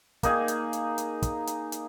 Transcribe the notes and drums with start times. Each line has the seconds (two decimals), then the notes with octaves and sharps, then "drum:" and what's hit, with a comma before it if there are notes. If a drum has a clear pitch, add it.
0.23 A#3 D#4 G#4, drum: kick, hi-hat
0.48 drum: hi-hat
0.73 drum: hi-hat
0.98 drum: hi-hat
1.23 drum: kick, hi-hat
1.47 drum: hi-hat
1.72 drum: hi-hat